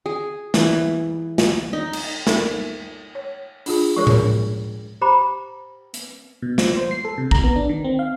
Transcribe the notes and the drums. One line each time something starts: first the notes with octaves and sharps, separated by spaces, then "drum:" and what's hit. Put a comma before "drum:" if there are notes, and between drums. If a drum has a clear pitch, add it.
G#4
E3, drum: snare
drum: snare
D#4
drum: cymbal
D#4 A4 A#4 E5, drum: snare
C#5
D4 F4 G#4, drum: open hi-hat
F3 G#3 G#4 A#4 C#5
drum: tom A2
G4 C5 A#5 B5 D6
drum: hi-hat
B2
F3, drum: snare
C5
C7
A4
C3
A#5, drum: kick
B3
D4
D#3
C4
F5